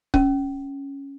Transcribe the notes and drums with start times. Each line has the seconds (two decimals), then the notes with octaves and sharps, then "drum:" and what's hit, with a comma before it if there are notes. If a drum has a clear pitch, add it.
0.14 C#4, drum: kick C#1